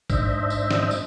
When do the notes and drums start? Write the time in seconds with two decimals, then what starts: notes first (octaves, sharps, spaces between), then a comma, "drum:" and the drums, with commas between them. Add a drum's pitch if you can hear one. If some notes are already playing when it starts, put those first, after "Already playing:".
0.10 G#2 D4 C5 D#5 E5, drum: kick, tambourine
0.50 drum: tambourine
0.71 drum: snare
0.91 drum: tambourine